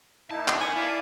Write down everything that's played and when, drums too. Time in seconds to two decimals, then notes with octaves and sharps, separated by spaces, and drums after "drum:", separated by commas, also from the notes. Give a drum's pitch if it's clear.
0.31 A#3 D#4 E4 A5
0.48 D4, drum: clap
0.61 D#3 B3 G#5
0.76 E4 D5 F5 A5